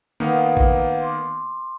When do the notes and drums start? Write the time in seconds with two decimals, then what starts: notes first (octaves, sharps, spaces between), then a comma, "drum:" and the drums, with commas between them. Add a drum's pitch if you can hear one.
0.20 D#3 A#3 B3 B4 F5 F#5
0.57 drum: kick G#1
1.00 C6 D6